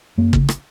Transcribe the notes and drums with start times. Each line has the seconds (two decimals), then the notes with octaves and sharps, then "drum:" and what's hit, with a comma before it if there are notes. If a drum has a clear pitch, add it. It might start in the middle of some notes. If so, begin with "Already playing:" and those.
0.18 F#2 A#3
0.33 C#3, drum: kick
0.49 drum: rim click